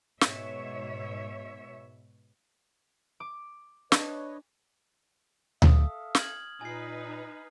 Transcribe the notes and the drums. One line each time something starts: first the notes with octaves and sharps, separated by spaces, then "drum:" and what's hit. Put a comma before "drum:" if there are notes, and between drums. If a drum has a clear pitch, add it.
G#2 B2 C#5 E5, drum: snare
D6
D4 B4 C#5 D#5, drum: snare
A4 E5 F5 D#6, drum: tom D2
F6 G#6 F#7, drum: snare
A#2 D#4 B4 G#5 C7